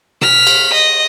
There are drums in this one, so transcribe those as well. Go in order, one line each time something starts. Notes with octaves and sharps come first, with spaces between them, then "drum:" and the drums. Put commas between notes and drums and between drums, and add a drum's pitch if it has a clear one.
F6 B6, drum: tom B2
drum: cymbal
D#5